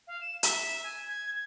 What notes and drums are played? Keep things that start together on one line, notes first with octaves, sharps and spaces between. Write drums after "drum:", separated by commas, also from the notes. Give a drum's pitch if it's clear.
F5
E7
E5, drum: hi-hat
G#5
G#6